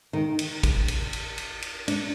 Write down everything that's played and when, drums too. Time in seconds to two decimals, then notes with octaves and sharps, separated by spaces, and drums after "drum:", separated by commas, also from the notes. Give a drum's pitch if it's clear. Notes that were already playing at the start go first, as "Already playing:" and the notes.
0.13 D#3
0.39 drum: cymbal
0.63 drum: kick, cymbal
0.88 drum: cymbal
1.13 drum: cymbal
1.38 drum: cymbal
1.62 drum: cymbal
1.88 D4, drum: cymbal